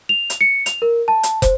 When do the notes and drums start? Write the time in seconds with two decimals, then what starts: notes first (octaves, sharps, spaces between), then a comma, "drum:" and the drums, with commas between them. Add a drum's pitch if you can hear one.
0.09 F7
0.30 drum: hi-hat
0.41 C#7
0.66 F7, drum: hi-hat
0.82 A#4
1.08 A5
1.23 drum: hi-hat
1.42 C5, drum: kick, hi-hat